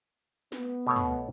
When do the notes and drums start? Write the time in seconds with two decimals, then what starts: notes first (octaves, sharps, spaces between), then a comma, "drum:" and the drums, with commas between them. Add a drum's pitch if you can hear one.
0.52 B3, drum: snare
0.87 B2 A3 C#5
0.96 drum: tom